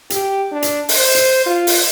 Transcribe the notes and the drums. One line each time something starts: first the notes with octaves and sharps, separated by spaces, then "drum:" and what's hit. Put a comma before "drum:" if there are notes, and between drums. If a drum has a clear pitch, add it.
G4, drum: hi-hat
D4
drum: hi-hat
drum: open hi-hat
C5
drum: hi-hat
F4
drum: open hi-hat